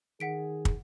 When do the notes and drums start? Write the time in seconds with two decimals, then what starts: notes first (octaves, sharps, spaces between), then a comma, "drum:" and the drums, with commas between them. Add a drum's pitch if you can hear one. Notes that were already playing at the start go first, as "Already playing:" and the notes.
0.20 D#3 G#4 F#5 B6 D7
0.65 drum: kick